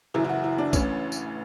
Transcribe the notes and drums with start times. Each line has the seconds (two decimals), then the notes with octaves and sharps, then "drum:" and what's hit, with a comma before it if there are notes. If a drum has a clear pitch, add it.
0.14 F#1 F#2 E3 E4
0.24 E4
0.29 F#4
0.44 E4
0.58 D4
0.73 A1 A2 E3 C#4, drum: kick, tambourine
1.12 drum: tambourine